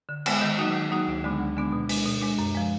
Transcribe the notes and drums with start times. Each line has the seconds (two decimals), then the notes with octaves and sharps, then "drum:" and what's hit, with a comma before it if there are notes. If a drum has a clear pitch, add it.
0.09 D3
0.26 G#3 B3, drum: cymbal
0.42 D#3
0.58 F#3 A#3 D#4 F#4
0.74 D#3
0.91 F#3 A#3 D#4 F#4
1.07 D2
1.24 D3 G#3 B3 D4
1.40 D2
1.57 D3 G#3 B3 D4
1.72 B2
1.89 G#3 D4, drum: open hi-hat
2.05 B2
2.21 G#3 D4
2.39 F#2
2.55 F3 G#3